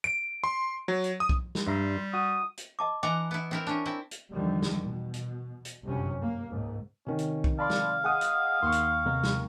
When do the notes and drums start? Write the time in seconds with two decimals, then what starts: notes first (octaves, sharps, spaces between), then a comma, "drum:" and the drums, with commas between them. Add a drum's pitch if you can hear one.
0.04 D7
0.44 C6
0.88 F#3
1.04 drum: hi-hat
1.20 D#6
1.29 drum: kick
1.55 drum: snare
1.67 G2 G3 E5 A#5 C6
2.13 F#4 D#6
2.57 drum: hi-hat
2.79 D#5 A5 D6
3.03 E3 D#5 F#5 G#5 A#5 D6
3.31 B3 E4
3.51 C4 E4 A#4
3.67 C#4 D4
3.86 C4 E4
4.11 drum: hi-hat
4.33 E2 D3 D#3 F3 G3
4.62 drum: snare
4.84 B2
5.14 drum: hi-hat
5.65 drum: hi-hat
5.84 G1 F#2 C3 F#3 C#4
6.21 A#3
6.50 C#2 G#2
7.07 C3 D#3 C#4
7.19 drum: hi-hat
7.44 drum: kick
7.59 D5 F5 A5 B5 C6
7.70 drum: snare
8.04 G#3 G#4 F#5 D#6
8.21 drum: hi-hat
8.62 D#2 C6 C#6
8.72 drum: hi-hat
9.06 C3 G#3 B3 A#5
9.23 drum: snare